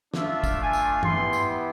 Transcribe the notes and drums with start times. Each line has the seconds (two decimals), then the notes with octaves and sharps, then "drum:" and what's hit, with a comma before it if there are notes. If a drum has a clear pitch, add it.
0.14 A3 D4 F4 E5, drum: snare
0.44 drum: kick, tambourine
0.59 G#5
0.73 drum: tambourine
1.03 B3 E4 G4 C6, drum: tom G2
1.33 drum: tambourine